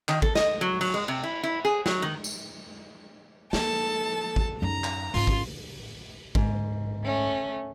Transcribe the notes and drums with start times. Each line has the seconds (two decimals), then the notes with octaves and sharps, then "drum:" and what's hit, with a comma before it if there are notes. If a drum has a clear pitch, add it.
0.08 D#3, drum: clap
0.22 A4, drum: kick G#1
0.35 D#5, drum: snare
0.61 F#3
0.81 F#3, drum: cymbal
0.94 G#3
1.08 C3
1.24 E4
1.43 E4
1.65 G#4
1.86 F#3, drum: snare
2.02 D#3
2.24 drum: tambourine
3.53 F3 A#3 A4 A5, drum: snare
4.36 drum: kick G#1
4.62 F#2 D#4 A#5
4.84 drum: clap
5.14 G#2 C#4 F4, drum: open hi-hat
5.27 drum: kick G#1
6.35 G#2, drum: kick G#1
7.04 A3 C#4